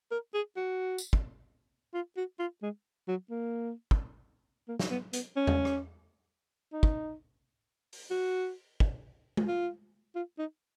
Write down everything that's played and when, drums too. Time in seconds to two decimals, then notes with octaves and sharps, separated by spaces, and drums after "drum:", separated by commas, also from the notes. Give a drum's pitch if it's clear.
0.11 A#4
0.34 G#4
0.57 F#4
0.98 drum: tambourine
1.13 drum: kick
1.94 F4
2.17 F#4
2.39 F4
2.63 G#3
3.08 F#3
3.30 A#3
3.91 drum: kick
4.68 A#3
4.79 drum: snare
4.90 B3
5.13 B3, drum: hi-hat
5.36 C#4
5.47 drum: tom E2
5.65 drum: rim click
6.73 D#4
6.83 drum: kick
7.93 drum: open hi-hat
8.11 F#4
8.80 drum: kick
9.37 drum: tom G#3
9.48 F4
10.15 F4
10.38 D#4